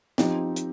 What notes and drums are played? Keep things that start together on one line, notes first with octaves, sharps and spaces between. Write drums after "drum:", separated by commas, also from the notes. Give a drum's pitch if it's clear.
F3 C4 D#4 G4, drum: snare
drum: hi-hat